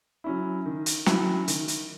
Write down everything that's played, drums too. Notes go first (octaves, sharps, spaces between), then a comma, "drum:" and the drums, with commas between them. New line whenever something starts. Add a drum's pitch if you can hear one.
F#3 C#4 E4
D#3
drum: hi-hat
F#3 C#4 E4, drum: snare
D#3, drum: hi-hat
drum: hi-hat